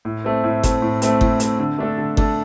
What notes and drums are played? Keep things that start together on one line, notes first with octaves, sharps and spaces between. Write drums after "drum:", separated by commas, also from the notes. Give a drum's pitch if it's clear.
A2
A3 C4
A2
A3 C4, drum: kick G1, hi-hat
A2
A3 C4, drum: hi-hat
A2, drum: kick G1
A3 C4, drum: hi-hat
D3
A3 D4 A4
D3
A3 D4 A4, drum: kick G1